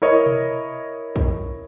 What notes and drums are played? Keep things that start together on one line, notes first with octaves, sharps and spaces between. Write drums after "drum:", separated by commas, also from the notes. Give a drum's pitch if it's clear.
E4 A#4 C#5 D#5
drum: tom B2
drum: kick